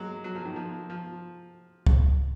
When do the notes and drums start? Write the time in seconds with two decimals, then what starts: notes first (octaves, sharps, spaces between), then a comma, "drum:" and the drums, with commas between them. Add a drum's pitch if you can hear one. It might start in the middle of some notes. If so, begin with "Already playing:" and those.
Already playing: F#3 G#3 A#3
0.24 F#3
0.35 F3
0.45 D#3
0.56 F3
0.90 F3
1.87 drum: kick C#2